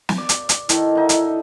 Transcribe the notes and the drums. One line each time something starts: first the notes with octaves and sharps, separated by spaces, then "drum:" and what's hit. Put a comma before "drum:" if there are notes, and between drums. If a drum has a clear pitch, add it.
drum: snare
D5
drum: hi-hat
drum: hi-hat
D#3 E4 A4, drum: hi-hat
D3 D#4 E5
drum: hi-hat